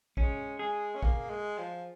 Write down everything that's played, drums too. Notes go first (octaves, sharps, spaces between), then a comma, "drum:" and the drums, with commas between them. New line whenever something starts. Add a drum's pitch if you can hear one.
G#3 C#4, drum: kick A#1
G#3 G#4
C#4
A#3, drum: kick A#1
G#3
F3